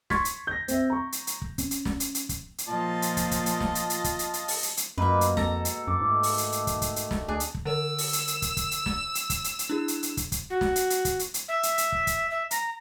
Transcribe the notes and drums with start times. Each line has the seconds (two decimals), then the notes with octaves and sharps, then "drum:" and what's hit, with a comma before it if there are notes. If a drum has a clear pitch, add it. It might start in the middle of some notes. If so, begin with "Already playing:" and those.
0.10 C6 C#6 G#6 A6 B6, drum: snare
0.25 drum: hi-hat
0.47 G6 A#6
0.68 C4 E5, drum: hi-hat
0.90 A#5 C#6
1.12 drum: hi-hat
1.27 drum: hi-hat
1.42 drum: kick
1.58 C#4, drum: kick, hi-hat
1.71 drum: hi-hat
1.85 drum: snare
2.00 drum: hi-hat
2.15 drum: hi-hat
2.29 drum: kick, hi-hat
2.58 drum: hi-hat
2.68 A#2 F3 F4 D#5 A5
3.02 drum: hi-hat
3.17 drum: kick, hi-hat
3.31 drum: kick, hi-hat
3.46 drum: hi-hat
3.61 drum: snare
3.75 drum: hi-hat
3.90 drum: hi-hat
4.04 drum: kick, hi-hat
4.19 drum: hi-hat
4.33 drum: hi-hat
4.48 drum: open hi-hat
4.63 drum: hi-hat
4.77 drum: hi-hat
4.98 F#2 B2 A#3 F4 A#4 B4 E5 C6
5.21 drum: hi-hat
5.37 F2 G#3 A4 A#5, drum: snare
5.65 drum: hi-hat
5.87 F#2 D6
6.01 G#2 D#3 A3
6.23 drum: open hi-hat
6.38 drum: hi-hat
6.52 drum: hi-hat
6.67 drum: kick, hi-hat
6.82 drum: kick, hi-hat
6.96 drum: hi-hat
7.11 drum: snare
7.29 D2 D4 G#4
7.40 drum: hi-hat
7.55 drum: kick
7.65 D3 A#4 C#5 E6
7.98 drum: open hi-hat
8.13 drum: hi-hat
8.27 drum: hi-hat
8.42 drum: kick, hi-hat
8.57 drum: kick, hi-hat
8.71 drum: hi-hat
8.86 drum: snare
9.15 drum: hi-hat
9.30 drum: kick, hi-hat
9.44 drum: hi-hat
9.59 drum: hi-hat
9.70 D4 E4 G#4
9.88 drum: hi-hat
10.03 drum: hi-hat
10.17 drum: kick, hi-hat
10.32 drum: kick, hi-hat
10.50 F#4
10.61 drum: snare
10.76 drum: hi-hat
10.90 drum: hi-hat
11.05 drum: kick, hi-hat
11.19 drum: hi-hat
11.34 drum: hi-hat
11.48 E5
11.63 drum: hi-hat
11.78 drum: hi-hat
11.92 drum: kick
12.07 drum: kick, hi-hat
12.30 E5
12.51 A#5, drum: hi-hat